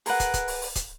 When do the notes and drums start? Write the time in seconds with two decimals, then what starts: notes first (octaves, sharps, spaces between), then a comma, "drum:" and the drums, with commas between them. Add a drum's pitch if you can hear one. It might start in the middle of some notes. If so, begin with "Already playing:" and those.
0.06 G#4 A#4 B4 F#5, drum: open hi-hat
0.20 drum: kick, hi-hat
0.34 drum: kick, hi-hat
0.48 drum: open hi-hat
0.62 drum: open hi-hat
0.76 drum: kick, hi-hat